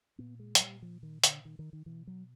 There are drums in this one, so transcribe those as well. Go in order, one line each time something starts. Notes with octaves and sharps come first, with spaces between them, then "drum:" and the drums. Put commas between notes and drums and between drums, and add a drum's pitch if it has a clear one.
A#2 B3
G#3
F#3, drum: hi-hat
G3
F3
D#3
D3, drum: hi-hat
D#3
D#3
D#3
B2 E3
F#3